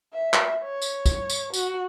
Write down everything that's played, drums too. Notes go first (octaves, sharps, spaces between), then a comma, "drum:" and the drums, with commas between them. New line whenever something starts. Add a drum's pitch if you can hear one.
E5
drum: clap
C#5
drum: tambourine
drum: kick, tambourine
drum: tambourine
F#4, drum: tambourine